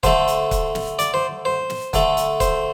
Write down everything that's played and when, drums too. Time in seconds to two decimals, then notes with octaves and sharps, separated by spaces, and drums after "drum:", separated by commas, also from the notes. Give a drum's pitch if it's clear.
0.03 D3 A3 C5, drum: kick, hi-hat
0.28 drum: hi-hat
0.51 drum: kick, hi-hat
0.75 drum: snare
0.99 D5, drum: hi-hat
1.14 C5
1.45 C5
1.70 drum: snare
1.93 D3 A3, drum: kick, hi-hat
2.17 drum: hi-hat
2.40 C5, drum: kick, hi-hat